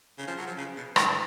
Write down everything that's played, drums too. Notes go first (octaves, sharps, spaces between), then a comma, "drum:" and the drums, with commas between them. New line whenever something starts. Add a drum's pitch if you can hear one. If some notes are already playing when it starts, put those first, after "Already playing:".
C#3
F3
F#3
F3
C#3
B2
A2, drum: rim click